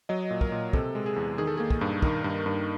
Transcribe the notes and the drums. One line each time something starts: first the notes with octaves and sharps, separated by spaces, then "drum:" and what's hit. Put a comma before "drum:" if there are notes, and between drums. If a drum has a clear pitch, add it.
F#3 D#5
A#2
A#4, drum: kick
A#2
C3 A4, drum: kick
G#3
G#4
E2
D#3 G#4
A4
G#4
A#3
G#4, drum: kick
G2
D#3 A#4, drum: kick
G2
G2